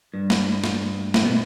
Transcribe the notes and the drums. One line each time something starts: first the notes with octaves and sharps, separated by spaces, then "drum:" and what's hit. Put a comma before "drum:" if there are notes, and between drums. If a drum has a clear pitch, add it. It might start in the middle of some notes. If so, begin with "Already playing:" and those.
G2
drum: snare
drum: snare
A2, drum: snare
B2